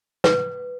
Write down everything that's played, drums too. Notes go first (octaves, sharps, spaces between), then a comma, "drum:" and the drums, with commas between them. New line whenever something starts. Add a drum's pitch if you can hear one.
B4, drum: snare